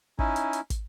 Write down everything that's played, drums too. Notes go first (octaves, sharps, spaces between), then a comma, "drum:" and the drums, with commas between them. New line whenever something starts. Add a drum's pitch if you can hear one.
C#4 D#4 E4, drum: kick
drum: hi-hat
drum: hi-hat
drum: kick, hi-hat